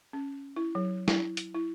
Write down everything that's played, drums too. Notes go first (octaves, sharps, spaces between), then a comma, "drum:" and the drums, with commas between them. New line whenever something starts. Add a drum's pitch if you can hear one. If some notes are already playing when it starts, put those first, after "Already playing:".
C#4
E4
F#3
E4, drum: snare
drum: hi-hat
E4